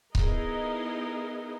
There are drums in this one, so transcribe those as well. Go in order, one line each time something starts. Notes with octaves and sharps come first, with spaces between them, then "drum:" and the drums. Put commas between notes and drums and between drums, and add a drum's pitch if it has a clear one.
B3 D#4 E4 G#4 A#4 D#5, drum: kick C#1